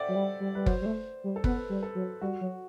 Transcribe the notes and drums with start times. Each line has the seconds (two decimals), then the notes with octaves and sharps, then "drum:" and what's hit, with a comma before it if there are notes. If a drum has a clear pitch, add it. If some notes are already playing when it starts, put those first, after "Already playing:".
Already playing: A4 C5 D5 E5 F#5 G5
0.09 F#3
0.16 G3
0.40 G3
0.55 G3 B4
0.66 F#3 C5, drum: kick
0.82 G3
0.86 A3
1.24 G3
1.36 A4
1.44 B3 B4, drum: kick
1.70 G3
1.83 A4
1.95 F#3
2.21 G3 F#4
2.41 F#3